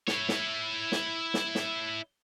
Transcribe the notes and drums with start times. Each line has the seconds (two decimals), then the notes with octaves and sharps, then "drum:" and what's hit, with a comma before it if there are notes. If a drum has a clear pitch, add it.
0.08 E4 C#5, drum: snare
0.29 drum: snare
0.92 drum: snare
1.34 drum: snare
1.55 drum: snare